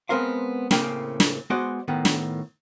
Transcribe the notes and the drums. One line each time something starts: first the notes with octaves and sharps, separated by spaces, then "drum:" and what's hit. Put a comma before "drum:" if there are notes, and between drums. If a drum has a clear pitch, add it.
G#3 B3 C4 A#4 C5 F5
A2 C#3 A#3 C4 G#4 G5, drum: snare
drum: snare
G#3 B3 F#4 C5 D5 D#5
A2 D#3 B3
drum: snare